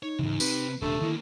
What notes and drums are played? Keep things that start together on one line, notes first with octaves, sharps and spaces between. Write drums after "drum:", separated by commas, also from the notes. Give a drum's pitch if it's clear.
D#4 C#5
E2 G#2 C#3
C3 C4 G4 B4, drum: tambourine
D#1 C3 A3 D4 G4
D3 D#3 A#3 E4